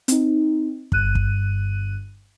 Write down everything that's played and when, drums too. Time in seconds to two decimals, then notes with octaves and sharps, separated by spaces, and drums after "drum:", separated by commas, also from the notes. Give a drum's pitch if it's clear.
0.08 C4 D#4, drum: hi-hat
0.92 G1 G2 F#6 D#7, drum: kick
1.15 drum: kick